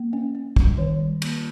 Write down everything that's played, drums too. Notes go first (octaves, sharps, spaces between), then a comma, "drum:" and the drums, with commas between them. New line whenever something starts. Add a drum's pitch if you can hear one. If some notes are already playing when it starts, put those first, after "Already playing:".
Already playing: A#3
C#4
C#4
G3, drum: kick
D#3 C#5
G3
A#3, drum: cymbal